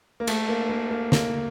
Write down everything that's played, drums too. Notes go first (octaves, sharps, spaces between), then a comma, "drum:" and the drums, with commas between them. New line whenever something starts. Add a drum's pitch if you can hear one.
A#3
A3, drum: cymbal
A#3
A#3
A#3
A#3, drum: snare